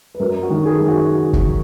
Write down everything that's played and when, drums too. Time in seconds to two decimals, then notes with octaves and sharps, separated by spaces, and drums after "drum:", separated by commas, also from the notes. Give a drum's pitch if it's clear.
0.14 B4
0.20 F#2 A#4
0.43 F#4
0.50 D#3
0.65 G#4
0.77 F#2 G#4
0.88 F#4
1.33 drum: kick